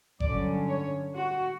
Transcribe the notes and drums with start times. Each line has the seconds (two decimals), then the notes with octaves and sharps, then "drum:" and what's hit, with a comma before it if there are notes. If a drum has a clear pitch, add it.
0.20 G2 D3 F#3 C#4 D5, drum: kick G1
0.68 C#5
1.14 F#4